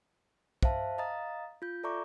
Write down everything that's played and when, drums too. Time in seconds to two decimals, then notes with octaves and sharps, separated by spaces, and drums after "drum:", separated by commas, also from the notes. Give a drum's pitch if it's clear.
0.63 C5 E5 F5 A5, drum: kick
0.98 D#5 F5 A#5 D#6 A6
1.62 F4 G6
1.83 A4 D5 E5 A#5 C#6 D6